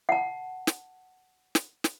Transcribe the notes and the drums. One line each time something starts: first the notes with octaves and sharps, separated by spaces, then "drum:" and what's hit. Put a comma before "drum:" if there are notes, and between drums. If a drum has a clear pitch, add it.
F#5 A5
drum: snare
drum: snare
drum: snare